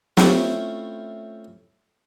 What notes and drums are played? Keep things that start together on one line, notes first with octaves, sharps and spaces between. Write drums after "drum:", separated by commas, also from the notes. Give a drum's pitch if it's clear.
A3 C4 C#4 E4 F4 C5, drum: snare